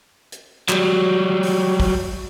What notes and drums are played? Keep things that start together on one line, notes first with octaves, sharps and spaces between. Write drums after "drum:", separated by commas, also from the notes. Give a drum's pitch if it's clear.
drum: hi-hat
F#3 G3, drum: clap
drum: open hi-hat
drum: kick, open hi-hat